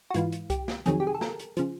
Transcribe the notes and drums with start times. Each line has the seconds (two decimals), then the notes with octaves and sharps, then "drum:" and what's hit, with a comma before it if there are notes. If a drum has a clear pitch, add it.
0.10 F#4
0.14 G#2 E3 F4, drum: hi-hat
0.32 drum: hi-hat
0.50 G4, drum: kick C2, hi-hat
0.68 drum: snare
0.86 F2 C3 D#3 F#3 G#4, drum: hi-hat
1.00 G4
1.07 G#4
1.14 A4
1.21 A#4, drum: snare
1.39 drum: hi-hat
1.57 C#3 F3, drum: hi-hat